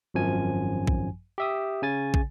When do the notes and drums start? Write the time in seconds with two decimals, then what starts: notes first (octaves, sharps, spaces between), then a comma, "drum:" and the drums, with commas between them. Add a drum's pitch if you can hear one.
0.14 G#1 F#2 F3 G#5
0.87 drum: kick
1.38 G4 E5 D#6
1.82 C#3 G#5 A6
2.14 drum: kick